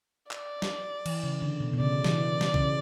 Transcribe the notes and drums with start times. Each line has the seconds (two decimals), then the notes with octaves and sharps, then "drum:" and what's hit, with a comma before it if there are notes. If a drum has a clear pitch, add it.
0.31 D5, drum: clap
0.62 drum: snare
1.06 E3, drum: cymbal
1.23 C#3
1.42 D3
1.60 B2
1.73 B2
1.80 C#3 D5
2.04 E3, drum: snare
2.41 drum: snare
2.54 C#3, drum: kick B1